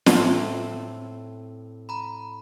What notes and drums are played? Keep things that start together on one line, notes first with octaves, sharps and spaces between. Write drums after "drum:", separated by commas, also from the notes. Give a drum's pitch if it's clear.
A2 C4 A5, drum: snare
A#5 B5